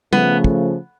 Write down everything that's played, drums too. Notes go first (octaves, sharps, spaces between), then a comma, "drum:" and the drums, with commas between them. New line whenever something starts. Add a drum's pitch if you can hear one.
C#3 F3 A3 B3, drum: tom
drum: kick